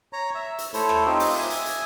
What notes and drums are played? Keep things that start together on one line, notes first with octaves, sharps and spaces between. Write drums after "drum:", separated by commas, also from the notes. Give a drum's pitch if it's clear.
C#5 A#5
E5
drum: hi-hat
A3 E4 A4 C5 C#5, drum: hi-hat
drum: rim click
C4 D#4 F4 G4
drum: open hi-hat
E5 G#5 D#6
drum: hi-hat
drum: hi-hat